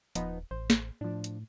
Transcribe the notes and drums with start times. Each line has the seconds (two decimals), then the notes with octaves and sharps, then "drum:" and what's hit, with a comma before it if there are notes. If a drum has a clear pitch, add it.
0.15 D#1 F3 B3 D#4, drum: hi-hat
0.51 A1 C5
0.70 drum: snare
1.01 A2 F3 D4
1.24 drum: hi-hat